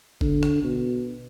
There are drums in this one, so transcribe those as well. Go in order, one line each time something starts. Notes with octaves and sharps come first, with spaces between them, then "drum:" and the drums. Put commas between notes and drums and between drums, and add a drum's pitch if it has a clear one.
D3, drum: kick G1
drum: rim click
B2